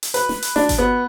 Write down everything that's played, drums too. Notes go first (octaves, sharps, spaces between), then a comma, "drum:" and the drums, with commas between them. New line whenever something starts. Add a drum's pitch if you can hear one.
drum: hi-hat
B4, drum: hi-hat
drum: snare
drum: hi-hat
D4, drum: snare
drum: kick G1, hi-hat
B3